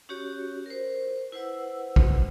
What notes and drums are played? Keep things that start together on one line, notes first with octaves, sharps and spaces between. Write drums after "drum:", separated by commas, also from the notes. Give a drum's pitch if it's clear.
C#4 F#4 G4 C#5
A#4 C5
E4 B4 C5 F#5 E6
drum: kick